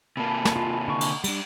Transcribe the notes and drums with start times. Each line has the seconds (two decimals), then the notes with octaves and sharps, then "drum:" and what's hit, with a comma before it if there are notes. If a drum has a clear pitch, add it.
0.17 C3 A#3 A5 B5
0.45 drum: snare
0.56 F4
0.88 D3 C#6
1.01 drum: cymbal
1.24 G3 D4, drum: cymbal